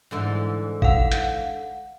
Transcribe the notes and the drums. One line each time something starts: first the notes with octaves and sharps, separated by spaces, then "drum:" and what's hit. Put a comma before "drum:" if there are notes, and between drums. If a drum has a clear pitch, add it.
G#2 D3 E3
F5 F#5, drum: kick A1
drum: hi-hat